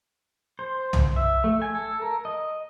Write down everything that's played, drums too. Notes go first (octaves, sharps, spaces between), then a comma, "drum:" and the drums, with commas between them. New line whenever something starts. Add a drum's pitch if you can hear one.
C5
drum: tom
E5
A3
G#5
A4
A#4
D#5